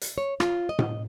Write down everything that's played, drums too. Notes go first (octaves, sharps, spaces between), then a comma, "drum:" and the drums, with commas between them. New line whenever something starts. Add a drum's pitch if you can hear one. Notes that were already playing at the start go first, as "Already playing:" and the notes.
drum: hi-hat
C#5
F4, drum: rim click
D#5
drum: tom A2